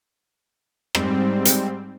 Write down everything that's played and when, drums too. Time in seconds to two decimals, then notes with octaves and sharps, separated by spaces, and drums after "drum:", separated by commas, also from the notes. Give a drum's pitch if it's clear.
0.95 G#2 G3 C4, drum: rim click
1.45 drum: hi-hat